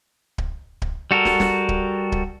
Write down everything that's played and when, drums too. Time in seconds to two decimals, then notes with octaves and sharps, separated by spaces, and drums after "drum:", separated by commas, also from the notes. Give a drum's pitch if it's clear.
0.38 drum: kick D1
0.82 drum: kick D1
1.11 G3 F#4 A4 A#4
1.25 drum: snare
1.40 drum: snare
1.69 drum: kick D1
2.12 drum: kick D1